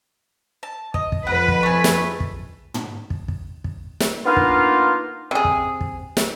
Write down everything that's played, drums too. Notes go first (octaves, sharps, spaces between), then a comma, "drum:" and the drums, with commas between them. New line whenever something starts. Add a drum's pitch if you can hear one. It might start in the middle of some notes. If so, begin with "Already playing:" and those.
A5
D#5, drum: kick
drum: kick
F2 B4 F#5
drum: kick
A3 G#4
drum: snare
drum: kick
drum: tom
drum: kick
drum: kick
drum: kick
drum: snare
A#3 B3 D4 D#4 F4
drum: kick
C3 G#4
drum: kick
drum: kick
drum: snare